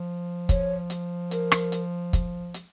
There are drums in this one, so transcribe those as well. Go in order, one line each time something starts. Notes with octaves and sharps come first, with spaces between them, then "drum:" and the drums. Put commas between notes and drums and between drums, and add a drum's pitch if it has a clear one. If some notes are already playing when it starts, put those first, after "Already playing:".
Already playing: F3
C#5, drum: kick, hi-hat
drum: hi-hat
A#4, drum: hi-hat
drum: rim click
drum: hi-hat
drum: kick, hi-hat
drum: hi-hat